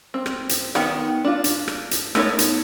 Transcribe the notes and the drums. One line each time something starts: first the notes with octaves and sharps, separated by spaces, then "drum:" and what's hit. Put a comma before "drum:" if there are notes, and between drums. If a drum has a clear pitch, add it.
C4
drum: rim click
drum: hi-hat
D#3 B3 F#5, drum: rim click
D4 F4
drum: hi-hat
drum: rim click
drum: hi-hat
A3 B3 D#4 A4 C#5, drum: rim click
drum: hi-hat